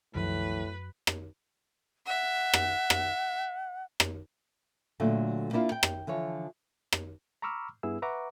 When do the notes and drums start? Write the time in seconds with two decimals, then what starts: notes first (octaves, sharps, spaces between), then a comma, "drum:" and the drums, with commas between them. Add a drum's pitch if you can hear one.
0.15 C2 F#2 A2 D#3 F3 B4
1.07 drum: rim click
2.07 E5 F#5
2.54 drum: rim click
2.90 drum: rim click
4.00 drum: rim click
5.00 A#2 D3 F#3 A3
5.53 A#3 D4 E4 F4
5.72 G5
5.83 drum: rim click
6.07 D3 E3 F3 C#5
6.92 drum: rim click
7.42 A#5 B5 C#6 D6 E6 F6
7.83 G2 B3 E4 G#4 E6
8.02 B4 E5 F#5 A#5 C#6 D6